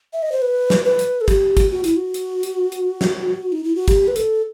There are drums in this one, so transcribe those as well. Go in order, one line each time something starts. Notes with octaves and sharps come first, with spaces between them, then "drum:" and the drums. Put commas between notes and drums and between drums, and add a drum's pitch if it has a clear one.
E5
D#5
C5
B4
drum: snare
B4
drum: hi-hat
A4
G4, drum: kick, hi-hat
drum: kick, hi-hat
F#4
E4, drum: hi-hat
F#4
drum: hi-hat
drum: hi-hat
drum: hi-hat
drum: snare
D#4
E4
F#4
G4, drum: kick, hi-hat
B4
A4, drum: hi-hat